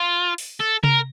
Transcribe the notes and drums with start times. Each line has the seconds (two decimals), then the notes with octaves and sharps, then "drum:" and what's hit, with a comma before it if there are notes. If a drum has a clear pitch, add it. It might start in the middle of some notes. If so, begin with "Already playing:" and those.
Already playing: F4
0.38 drum: open hi-hat
0.60 A4
0.83 A#4, drum: tom C3